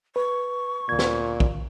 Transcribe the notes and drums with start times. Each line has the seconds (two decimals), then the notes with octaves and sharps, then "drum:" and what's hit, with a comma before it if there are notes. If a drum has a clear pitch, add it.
0.16 B4 C#6
0.89 D2 A#2 G#6
0.99 drum: snare
1.40 drum: kick